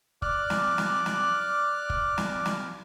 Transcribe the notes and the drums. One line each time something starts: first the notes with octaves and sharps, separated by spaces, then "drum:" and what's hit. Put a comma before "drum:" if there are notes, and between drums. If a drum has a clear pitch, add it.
D5 D6 F6 F#6, drum: kick
drum: snare
drum: snare
drum: snare
drum: kick
drum: snare
drum: snare